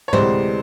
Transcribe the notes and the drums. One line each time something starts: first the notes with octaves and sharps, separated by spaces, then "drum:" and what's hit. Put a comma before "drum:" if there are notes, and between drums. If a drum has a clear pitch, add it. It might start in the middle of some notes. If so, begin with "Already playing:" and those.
C#5
D2 C3 E3 G#3 C5 D5, drum: tom